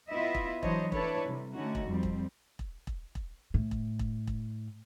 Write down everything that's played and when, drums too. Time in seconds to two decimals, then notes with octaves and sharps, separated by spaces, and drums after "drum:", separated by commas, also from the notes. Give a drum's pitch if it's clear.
0.10 B3 E4 F4 D#5 E5
0.35 drum: kick E1
0.63 E3 F#3 D4 C5 C#5 D#5, drum: kick E1
0.92 D4 E4 A4 B4 C#5, drum: kick E1
1.25 C3 G3
1.54 D3 A3 C#4 D#4 F#4
1.75 drum: kick E1
1.86 F2 G3 C4
2.03 drum: kick E1
2.59 drum: kick E1
2.87 drum: kick E1
3.15 drum: kick E1
3.54 A2
3.71 drum: kick E1
3.99 drum: kick E1
4.27 drum: kick E1